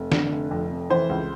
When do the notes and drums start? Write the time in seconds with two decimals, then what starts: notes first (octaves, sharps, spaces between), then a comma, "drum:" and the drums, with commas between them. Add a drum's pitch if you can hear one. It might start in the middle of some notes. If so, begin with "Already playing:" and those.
Already playing: F1
0.12 D3, drum: snare
0.32 F1
0.51 F2
0.70 F1
0.90 E3 C5
1.09 C#2